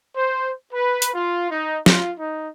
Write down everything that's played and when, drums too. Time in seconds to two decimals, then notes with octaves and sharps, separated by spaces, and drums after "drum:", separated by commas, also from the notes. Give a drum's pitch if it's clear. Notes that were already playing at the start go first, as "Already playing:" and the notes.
0.16 C5
0.72 B4
1.02 drum: hi-hat
1.13 F4
1.51 D#4
1.86 F4, drum: snare
2.19 D#4